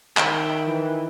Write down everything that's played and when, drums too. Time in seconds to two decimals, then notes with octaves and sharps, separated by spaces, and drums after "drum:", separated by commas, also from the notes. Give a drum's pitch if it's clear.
0.17 D#3 E5 G5 B5, drum: clap
0.67 E3